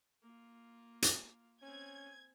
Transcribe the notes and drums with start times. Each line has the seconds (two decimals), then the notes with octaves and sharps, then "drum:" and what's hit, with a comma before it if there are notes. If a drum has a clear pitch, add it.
0.22 A#3 F4
1.02 drum: hi-hat
1.62 C4 C#4 G#5 G#6